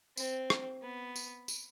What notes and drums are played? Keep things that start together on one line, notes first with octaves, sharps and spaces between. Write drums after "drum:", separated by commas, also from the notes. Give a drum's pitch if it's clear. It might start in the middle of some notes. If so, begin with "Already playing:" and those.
C4, drum: tambourine
drum: rim click
B3
drum: tambourine
drum: tambourine